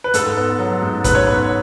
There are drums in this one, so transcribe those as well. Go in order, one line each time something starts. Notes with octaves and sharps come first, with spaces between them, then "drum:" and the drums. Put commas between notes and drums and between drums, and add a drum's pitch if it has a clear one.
B4
G#2 A4, drum: hi-hat
B3
F#3
G#2
G#2 B4, drum: kick, hi-hat
C#5
B3 B4